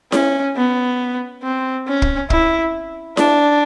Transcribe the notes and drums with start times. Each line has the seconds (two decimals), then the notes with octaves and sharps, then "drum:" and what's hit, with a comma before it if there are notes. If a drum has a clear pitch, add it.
0.12 C#4, drum: snare E4
0.56 B3
1.43 C4
1.87 C#4
2.02 drum: kick
2.30 E4, drum: kick
3.17 D4, drum: snare E4